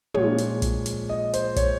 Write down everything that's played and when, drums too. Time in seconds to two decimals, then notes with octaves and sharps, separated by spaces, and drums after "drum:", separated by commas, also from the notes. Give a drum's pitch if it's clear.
0.14 A#2 F3 G#3 C#5, drum: tom
0.38 drum: hi-hat
0.62 drum: kick, hi-hat
0.86 drum: hi-hat
1.09 D#5
1.33 C5, drum: hi-hat
1.56 C#5, drum: kick, hi-hat